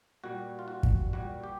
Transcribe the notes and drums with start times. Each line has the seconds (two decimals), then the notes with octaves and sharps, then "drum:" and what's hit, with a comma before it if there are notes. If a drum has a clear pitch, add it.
0.24 A#2 G3 F#4
0.59 F4
0.68 F#4
0.83 drum: kick
1.13 A#2 G3 F#4
1.43 G4